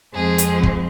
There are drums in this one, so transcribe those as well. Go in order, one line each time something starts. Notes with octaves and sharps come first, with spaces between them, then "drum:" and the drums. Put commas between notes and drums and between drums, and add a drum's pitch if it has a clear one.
F2 F3 G#3 C4 G#4
drum: hi-hat
drum: kick